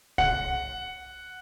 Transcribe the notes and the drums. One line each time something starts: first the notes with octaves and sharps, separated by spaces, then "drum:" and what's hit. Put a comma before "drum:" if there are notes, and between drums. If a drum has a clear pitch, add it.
F#5, drum: kick C2